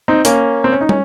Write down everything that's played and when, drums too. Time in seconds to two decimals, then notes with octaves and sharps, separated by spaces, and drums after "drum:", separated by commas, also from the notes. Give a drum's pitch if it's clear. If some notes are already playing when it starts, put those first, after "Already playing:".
0.08 C4 D#4
0.25 A#3 C#4, drum: hi-hat
0.64 C4
0.72 C#4
0.81 D#4
0.89 C#4, drum: tom